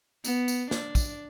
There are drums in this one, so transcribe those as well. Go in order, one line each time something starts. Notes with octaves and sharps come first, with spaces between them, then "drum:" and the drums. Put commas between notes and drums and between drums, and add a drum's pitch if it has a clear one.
B3, drum: tambourine
drum: tambourine
D4, drum: snare
drum: kick, tambourine